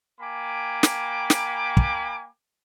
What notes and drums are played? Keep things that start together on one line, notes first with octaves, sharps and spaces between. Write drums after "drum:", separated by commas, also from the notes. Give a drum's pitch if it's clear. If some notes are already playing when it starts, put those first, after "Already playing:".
A#3 G5 G#5 B5 D6
drum: snare
drum: snare
drum: kick